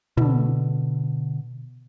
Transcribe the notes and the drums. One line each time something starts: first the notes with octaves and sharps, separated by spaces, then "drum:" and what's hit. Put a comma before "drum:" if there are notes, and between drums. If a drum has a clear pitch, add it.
B2 D3, drum: tom